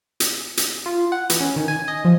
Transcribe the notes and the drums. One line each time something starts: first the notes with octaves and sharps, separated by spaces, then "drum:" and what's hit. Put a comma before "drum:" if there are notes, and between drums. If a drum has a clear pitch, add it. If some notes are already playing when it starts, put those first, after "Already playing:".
drum: hi-hat
drum: hi-hat
F4
F#5
E3, drum: hi-hat
C#4
D#3
G#5
D#5
F3